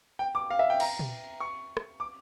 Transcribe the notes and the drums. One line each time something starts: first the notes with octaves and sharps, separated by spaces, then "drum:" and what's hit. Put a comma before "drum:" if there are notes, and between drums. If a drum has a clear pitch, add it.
G5
D6
F5
E5
G5
A#5, drum: cymbal
drum: tom
C#6
drum: rim click
D6